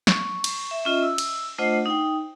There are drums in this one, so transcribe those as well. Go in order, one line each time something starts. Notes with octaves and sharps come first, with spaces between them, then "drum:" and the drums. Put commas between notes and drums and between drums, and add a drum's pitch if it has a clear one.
C#6, drum: snare
drum: cymbal
E5
C#4 F4 D#5 E5
E6
drum: cymbal
A3 D4 F4 C5 D#5 F#5
D#4 G5